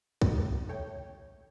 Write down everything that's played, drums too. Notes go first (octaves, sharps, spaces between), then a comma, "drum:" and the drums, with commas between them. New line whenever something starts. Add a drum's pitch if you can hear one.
drum: kick
A3 C#5 G5